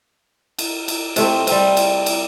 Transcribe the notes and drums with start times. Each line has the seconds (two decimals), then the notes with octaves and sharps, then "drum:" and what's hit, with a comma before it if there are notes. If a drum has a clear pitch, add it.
0.59 drum: cymbal
0.88 drum: cymbal
1.16 C3 A3 C4, drum: cymbal
1.47 G3 C4, drum: cymbal
1.77 drum: cymbal
2.06 drum: cymbal